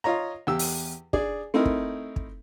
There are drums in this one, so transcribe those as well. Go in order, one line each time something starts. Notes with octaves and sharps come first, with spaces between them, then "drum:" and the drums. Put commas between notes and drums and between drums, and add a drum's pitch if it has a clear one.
F4 C#5 D#5 A#5
E2 G4 E6
drum: open hi-hat
D4 G#4 D5, drum: kick
A3 C4 D#4 E4 A#4
drum: kick
drum: kick